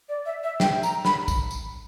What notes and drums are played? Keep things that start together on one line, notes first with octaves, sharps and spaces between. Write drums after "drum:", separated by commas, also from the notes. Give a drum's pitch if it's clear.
D5
E5
E5
G5, drum: snare
A#5, drum: tambourine
B5, drum: snare
drum: kick, tambourine
drum: tambourine